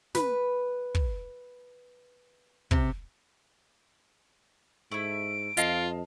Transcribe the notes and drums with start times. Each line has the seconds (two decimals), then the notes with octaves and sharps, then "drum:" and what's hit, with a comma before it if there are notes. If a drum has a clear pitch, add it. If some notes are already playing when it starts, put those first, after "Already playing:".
0.15 B4, drum: snare
0.95 drum: kick
2.71 C3, drum: kick
4.92 G#2 A3 E4 D7
5.57 F2 F4 D#5 F5 A5, drum: hi-hat